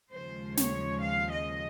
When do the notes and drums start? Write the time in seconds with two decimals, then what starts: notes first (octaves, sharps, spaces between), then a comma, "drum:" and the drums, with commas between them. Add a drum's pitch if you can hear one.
0.12 D#2 C#3 F3 G#3 C5
0.57 C#5, drum: snare
1.02 F5
1.32 D#5